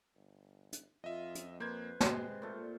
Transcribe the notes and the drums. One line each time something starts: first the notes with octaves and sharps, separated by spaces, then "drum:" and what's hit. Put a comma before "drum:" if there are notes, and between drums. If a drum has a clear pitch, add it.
G1
drum: hi-hat
F2 F4 D#5 E5
drum: hi-hat
A#3 B4 C5 G#6
C3 G#3 C6, drum: snare
A#2 A3